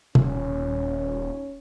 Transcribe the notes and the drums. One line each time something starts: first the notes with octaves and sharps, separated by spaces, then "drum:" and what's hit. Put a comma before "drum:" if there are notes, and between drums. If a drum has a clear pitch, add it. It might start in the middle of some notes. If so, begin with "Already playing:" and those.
D#1 C#4, drum: tom